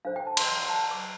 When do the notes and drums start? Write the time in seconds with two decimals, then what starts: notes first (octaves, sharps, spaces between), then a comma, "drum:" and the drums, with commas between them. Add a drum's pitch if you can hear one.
0.05 D4 A4 C5 F5
0.16 G5
0.27 A5
0.37 C6, drum: cymbal
0.48 C6
0.63 C6
0.70 A5
0.91 D6